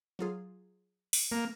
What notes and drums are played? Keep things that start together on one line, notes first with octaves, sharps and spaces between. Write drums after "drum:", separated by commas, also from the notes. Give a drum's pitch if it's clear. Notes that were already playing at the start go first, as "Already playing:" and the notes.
F#3 F4 G#4
drum: open hi-hat
A#3